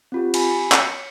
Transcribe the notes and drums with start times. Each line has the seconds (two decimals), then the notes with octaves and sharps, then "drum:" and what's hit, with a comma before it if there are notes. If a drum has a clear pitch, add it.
0.12 C4 F4 G4
0.34 G4 G#5 B5, drum: cymbal
0.72 C#5 C#7, drum: clap